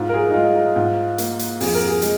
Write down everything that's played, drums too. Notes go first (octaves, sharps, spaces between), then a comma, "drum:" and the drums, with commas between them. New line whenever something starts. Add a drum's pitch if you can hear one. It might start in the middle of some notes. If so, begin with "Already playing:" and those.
Already playing: G#2 F4
A#4
G#4
D#4
G#3 F4
D#4
G#2 F4
A#3, drum: hi-hat
drum: hi-hat
F2 G#4, drum: open hi-hat
A#4
G#4
G#3, drum: hi-hat